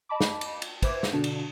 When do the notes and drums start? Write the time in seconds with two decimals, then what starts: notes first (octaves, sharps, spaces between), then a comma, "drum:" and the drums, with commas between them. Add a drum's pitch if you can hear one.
0.09 D#5 A5 B5 D6
0.21 drum: snare
0.41 drum: cymbal
0.62 drum: cymbal
0.82 B4 C5 E5 D6 G#6, drum: kick, cymbal
1.03 drum: snare
1.12 B2 D3 D4 F#4
1.24 drum: cymbal